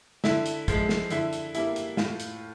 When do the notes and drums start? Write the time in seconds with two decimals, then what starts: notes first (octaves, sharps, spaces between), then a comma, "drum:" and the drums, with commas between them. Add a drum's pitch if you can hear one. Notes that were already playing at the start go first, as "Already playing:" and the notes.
0.24 D3 E4, drum: snare
0.46 drum: hi-hat
0.68 F3 G#3, drum: kick, hi-hat
0.89 drum: snare
1.10 D3 E4, drum: hi-hat
1.33 drum: hi-hat
1.55 G3 A#3 E4, drum: hi-hat
1.76 drum: hi-hat
1.97 A2 F4, drum: snare
2.20 drum: hi-hat